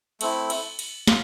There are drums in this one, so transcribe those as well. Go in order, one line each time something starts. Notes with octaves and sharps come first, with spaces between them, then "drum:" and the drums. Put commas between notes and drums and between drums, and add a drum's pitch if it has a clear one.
A3 C4 E4, drum: cymbal
drum: cymbal
drum: cymbal
F4, drum: snare